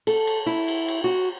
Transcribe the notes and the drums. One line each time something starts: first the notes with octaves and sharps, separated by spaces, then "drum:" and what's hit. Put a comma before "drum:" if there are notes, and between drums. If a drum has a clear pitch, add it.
A4, drum: cymbal
drum: cymbal
E4
drum: cymbal
drum: cymbal
F#4